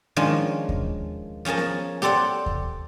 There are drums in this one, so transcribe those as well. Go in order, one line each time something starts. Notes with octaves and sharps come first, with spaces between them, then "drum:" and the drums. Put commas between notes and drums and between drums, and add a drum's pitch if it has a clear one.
D#3 F3 G#3 A#3 C#4 D4
drum: kick D#2
F3 C#4 G#4 A#4 A5
drum: snare B3
G4 A4 C5 D5 F#5, drum: snare B3
drum: kick D#2